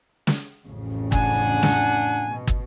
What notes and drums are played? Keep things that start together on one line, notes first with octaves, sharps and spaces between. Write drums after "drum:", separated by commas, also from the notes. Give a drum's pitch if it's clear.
drum: snare
A1 F2 C#3
D4 F#5 G#5, drum: kick
drum: snare
B2
drum: kick